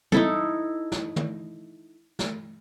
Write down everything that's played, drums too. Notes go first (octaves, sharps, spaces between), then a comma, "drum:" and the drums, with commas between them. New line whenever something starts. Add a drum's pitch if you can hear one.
D#4 E4 A4, drum: tom
drum: snare
drum: tom
drum: snare